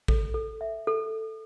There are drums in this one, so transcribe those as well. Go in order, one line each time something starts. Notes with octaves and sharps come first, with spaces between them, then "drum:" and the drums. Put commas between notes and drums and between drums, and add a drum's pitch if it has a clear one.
A4, drum: kick
A4
E5
A4